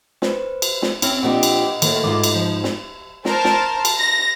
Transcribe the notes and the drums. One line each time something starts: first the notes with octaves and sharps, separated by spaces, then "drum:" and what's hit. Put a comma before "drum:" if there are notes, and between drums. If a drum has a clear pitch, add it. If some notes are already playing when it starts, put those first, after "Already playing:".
B4 C5, drum: snare
drum: cymbal
drum: snare
C4 C#4 E4, drum: cymbal
A#2 F3 D4 G4 D#5 F#5
drum: cymbal
A2 D#3 A#3, drum: cymbal
G#2 D#4 F4 D6
drum: cymbal
F3
drum: snare
A#4 C5 A5, drum: snare
drum: snare
drum: cymbal
A#6